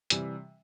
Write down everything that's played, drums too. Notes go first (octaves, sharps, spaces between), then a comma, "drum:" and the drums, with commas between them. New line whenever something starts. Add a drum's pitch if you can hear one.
C3 E3 G3, drum: hi-hat